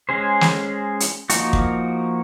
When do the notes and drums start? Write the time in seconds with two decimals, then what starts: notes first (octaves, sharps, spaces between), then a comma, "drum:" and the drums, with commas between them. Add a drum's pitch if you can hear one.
0.09 G#3 C#4 G#4 C5
0.41 drum: snare
1.00 drum: hi-hat
1.30 F3 A#3 D#4 F#4, drum: hi-hat
1.53 drum: kick